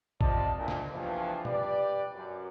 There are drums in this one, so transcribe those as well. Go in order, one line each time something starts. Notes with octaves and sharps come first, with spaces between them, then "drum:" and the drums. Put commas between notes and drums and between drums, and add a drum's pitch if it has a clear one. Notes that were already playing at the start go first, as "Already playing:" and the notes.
C3 F3 D5 D#5 A5, drum: kick
D2 A#2
drum: snare
E2 G2 E3 F3
G4 B4 D5, drum: tom B2
F#2